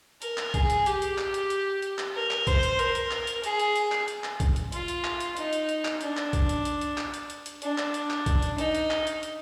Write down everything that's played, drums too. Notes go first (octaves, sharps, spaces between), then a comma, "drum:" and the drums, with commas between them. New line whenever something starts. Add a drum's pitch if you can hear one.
A#4, drum: hi-hat
drum: clap
G#4, drum: kick B1, hi-hat
drum: hi-hat
G4, drum: hi-hat
drum: hi-hat
drum: clap
drum: hi-hat
drum: hi-hat
drum: hi-hat
drum: clap
A#4
drum: clap
C5, drum: kick B1, hi-hat
drum: hi-hat
A#4, drum: hi-hat
drum: hi-hat
drum: clap
drum: hi-hat
G#4, drum: hi-hat
drum: hi-hat
drum: hi-hat
drum: clap
drum: hi-hat
drum: clap
drum: kick B1, hi-hat
drum: hi-hat
F4, drum: hi-hat
drum: hi-hat
drum: clap
drum: hi-hat
D#4, drum: hi-hat
drum: hi-hat
drum: hi-hat
drum: clap
D4, drum: hi-hat
drum: clap
drum: kick B1, hi-hat
drum: hi-hat
drum: hi-hat
drum: hi-hat
drum: clap
drum: hi-hat
drum: hi-hat
drum: hi-hat
D4, drum: hi-hat
drum: clap
drum: hi-hat
drum: clap
drum: kick B1, hi-hat
drum: hi-hat
D#4, drum: hi-hat
drum: hi-hat
drum: clap
drum: hi-hat
drum: hi-hat